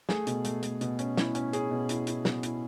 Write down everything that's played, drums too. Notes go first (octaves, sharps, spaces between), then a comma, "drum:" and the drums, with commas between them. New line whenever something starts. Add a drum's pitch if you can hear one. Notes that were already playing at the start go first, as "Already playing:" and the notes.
A3 G#4, drum: snare
B2, drum: hi-hat
A3, drum: hi-hat
A3, drum: hi-hat
B2, drum: hi-hat
C#4, drum: hi-hat
E4, drum: snare
C#4, drum: hi-hat
C#4 G#4, drum: hi-hat
B2
E4, drum: hi-hat
E4, drum: hi-hat
B2, drum: snare
E4, drum: hi-hat